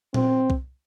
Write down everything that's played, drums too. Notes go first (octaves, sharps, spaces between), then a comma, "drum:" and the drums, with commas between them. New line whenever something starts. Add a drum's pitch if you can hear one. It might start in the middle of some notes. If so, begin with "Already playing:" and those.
C4, drum: tom A#2
drum: kick C2